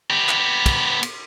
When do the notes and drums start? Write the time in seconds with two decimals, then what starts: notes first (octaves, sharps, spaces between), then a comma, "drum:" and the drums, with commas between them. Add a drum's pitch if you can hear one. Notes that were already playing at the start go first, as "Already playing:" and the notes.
0.10 B3 G4
0.29 drum: clap
0.66 drum: kick, cymbal
1.03 drum: cymbal